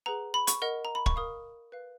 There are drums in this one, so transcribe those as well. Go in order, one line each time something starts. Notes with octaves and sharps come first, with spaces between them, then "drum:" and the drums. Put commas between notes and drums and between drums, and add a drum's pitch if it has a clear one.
G#4 B4 F#5 A#5
B5
C#6, drum: hi-hat
A#4 D#5 F#5
A#5
B5
C#6, drum: kick
A#4 F5 D#6
B4 F5